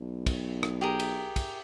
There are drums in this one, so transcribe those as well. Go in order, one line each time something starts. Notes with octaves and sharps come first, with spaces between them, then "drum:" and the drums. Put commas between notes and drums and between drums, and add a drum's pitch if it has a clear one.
B1
drum: kick, cymbal
drum: rim click
G4 G#4 A#4
drum: cymbal
drum: kick, cymbal